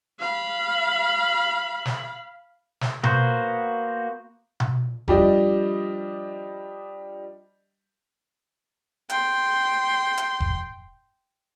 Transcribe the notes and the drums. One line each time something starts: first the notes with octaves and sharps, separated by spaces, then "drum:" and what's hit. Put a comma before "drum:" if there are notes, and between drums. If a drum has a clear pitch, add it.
F5 B5
drum: snare
drum: snare
A#3 B3 F#4 C5, drum: tom B2
drum: tom B2
F3 G3 D4 G4 D5 D#5, drum: kick F1
G5 C6, drum: hi-hat
drum: hi-hat
drum: kick F1